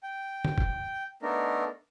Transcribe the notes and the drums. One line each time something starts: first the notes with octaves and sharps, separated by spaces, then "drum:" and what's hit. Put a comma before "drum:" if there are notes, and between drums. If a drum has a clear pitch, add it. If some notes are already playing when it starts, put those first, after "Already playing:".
G5
drum: tom D3
drum: kick
A3 B3 D4 D#4 A#4